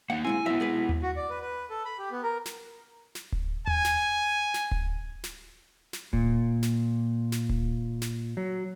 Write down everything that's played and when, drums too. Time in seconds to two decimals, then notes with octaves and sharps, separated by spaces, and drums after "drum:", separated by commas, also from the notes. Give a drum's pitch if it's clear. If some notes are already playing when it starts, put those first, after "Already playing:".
0.10 A#3 D#4 F#5
0.25 A#2 G#3 C4 E4 G#5
0.46 F#3 B3 E5
0.60 G#3 G#4 B4
0.89 drum: tom D#2
1.02 F#4
1.16 D5
1.30 B4
1.41 B4
1.70 A4
1.85 B5
1.98 G4
2.11 B3
2.23 A#4
2.46 drum: snare
3.15 drum: snare
3.32 drum: kick D1
3.67 G#5, drum: tom D#2
3.85 drum: snare
4.54 drum: snare
4.71 drum: kick D1
5.24 drum: snare
5.93 drum: snare
6.13 A#2, drum: kick D1
6.63 drum: snare
7.32 drum: snare
7.49 drum: kick D1
8.02 drum: snare
8.37 F#3